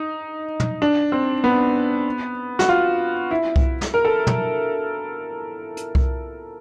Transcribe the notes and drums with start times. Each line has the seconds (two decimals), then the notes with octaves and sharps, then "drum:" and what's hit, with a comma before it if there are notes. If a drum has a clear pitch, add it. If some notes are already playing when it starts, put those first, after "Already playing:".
Already playing: D#4
0.60 drum: tom
0.82 D4
1.12 C4
1.44 B3
2.59 F#4, drum: snare
2.69 F4
3.31 E4
3.56 drum: kick C2
3.81 drum: snare
3.94 A#4
4.05 A4
4.27 drum: tom
5.77 drum: hi-hat
5.95 drum: kick C2